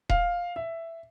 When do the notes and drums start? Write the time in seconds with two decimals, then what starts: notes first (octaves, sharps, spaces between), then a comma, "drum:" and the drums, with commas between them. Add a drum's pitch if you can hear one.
0.09 F5, drum: kick D#1
0.56 E5